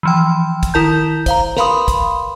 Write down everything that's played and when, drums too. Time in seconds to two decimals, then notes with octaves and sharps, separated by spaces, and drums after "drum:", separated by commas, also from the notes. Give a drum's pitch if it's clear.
0.03 E3 F3 G5
0.63 drum: kick, hi-hat
0.74 D#3 E4 A#4 A5 G6
1.26 C5 F5 A#5, drum: kick, hi-hat
1.57 A#4 B4 F5 B5 C6 D#6, drum: snare
1.88 drum: kick, hi-hat